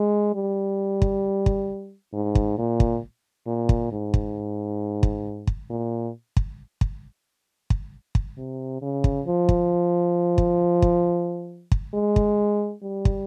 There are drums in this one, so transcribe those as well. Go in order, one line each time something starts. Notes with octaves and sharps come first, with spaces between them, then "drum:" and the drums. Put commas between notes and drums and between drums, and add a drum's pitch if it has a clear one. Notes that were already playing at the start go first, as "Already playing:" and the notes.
Already playing: G#3
G3
drum: kick
drum: kick
G#2
drum: kick
A#2
drum: kick
A#2
drum: kick
G#2
drum: kick
drum: kick
drum: kick
A#2
drum: kick
drum: kick
drum: kick
drum: kick
C3
C#3
drum: kick
F3
drum: kick
drum: kick
drum: kick
drum: kick
G#3
drum: kick
G3
drum: kick